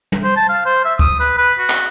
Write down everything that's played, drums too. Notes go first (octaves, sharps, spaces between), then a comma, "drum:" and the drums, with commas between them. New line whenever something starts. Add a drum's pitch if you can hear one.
drum: tom
C5
A5
F5
C5
E5
D#6, drum: kick
B4
B4
F#4
drum: clap